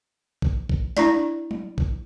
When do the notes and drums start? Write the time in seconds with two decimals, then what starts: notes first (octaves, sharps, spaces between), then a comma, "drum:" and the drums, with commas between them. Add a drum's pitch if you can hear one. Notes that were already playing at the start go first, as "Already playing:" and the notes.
0.42 drum: kick A#1
0.69 drum: kick A#1
0.97 D4 E4 D5, drum: snare
1.51 drum: tom F#3
1.78 drum: kick A#1